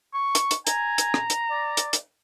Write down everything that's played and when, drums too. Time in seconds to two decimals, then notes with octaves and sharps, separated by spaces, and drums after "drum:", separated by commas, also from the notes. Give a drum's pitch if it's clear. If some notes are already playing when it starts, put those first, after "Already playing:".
0.14 C#6
0.35 drum: hi-hat
0.51 drum: hi-hat
0.67 G#5 A#5, drum: hi-hat
0.98 drum: hi-hat
1.14 drum: rim click
1.30 drum: hi-hat
1.50 D5
1.77 drum: hi-hat
1.93 drum: hi-hat